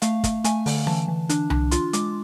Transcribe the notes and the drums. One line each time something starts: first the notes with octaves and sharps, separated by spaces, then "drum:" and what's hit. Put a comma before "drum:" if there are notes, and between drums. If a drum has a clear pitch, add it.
A3 F5, drum: hi-hat
A3, drum: kick, hi-hat
A3 G#5, drum: hi-hat
D3, drum: open hi-hat
E3 A5, drum: snare C#4
E3
D4, drum: hi-hat
D4, drum: tom C2
F4 C6, drum: hi-hat
G#3 D6, drum: hi-hat